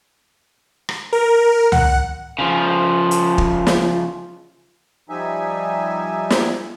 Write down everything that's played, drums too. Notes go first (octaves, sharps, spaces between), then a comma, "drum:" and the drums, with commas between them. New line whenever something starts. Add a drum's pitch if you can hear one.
drum: rim click
A#4
F#5, drum: tom C#2
C#3 F3
drum: hi-hat
drum: kick
drum: snare
F3 G3 D#4 E5 G#5
drum: snare